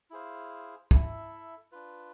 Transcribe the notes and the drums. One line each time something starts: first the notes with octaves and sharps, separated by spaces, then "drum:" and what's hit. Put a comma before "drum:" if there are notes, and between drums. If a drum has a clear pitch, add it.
E4 G#4 C5 F5
E4 A4 E5, drum: kick
D4 F4 B4